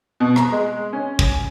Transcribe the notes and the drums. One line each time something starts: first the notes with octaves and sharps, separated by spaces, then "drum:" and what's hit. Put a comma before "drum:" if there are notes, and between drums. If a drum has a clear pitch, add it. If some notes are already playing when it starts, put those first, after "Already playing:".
B2
A#5, drum: rim click
G#3
C#4
drum: kick